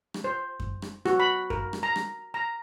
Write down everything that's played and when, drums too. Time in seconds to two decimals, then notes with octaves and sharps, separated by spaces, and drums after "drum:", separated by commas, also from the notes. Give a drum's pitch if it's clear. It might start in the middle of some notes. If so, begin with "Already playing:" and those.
0.14 drum: rim click
0.24 C5
0.60 drum: kick F#2
0.82 drum: rim click
1.05 F#4, drum: rim click
1.20 B5
1.50 A#4, drum: kick F#2
1.73 drum: rim click
1.83 A#5
1.96 drum: rim click
2.34 A#5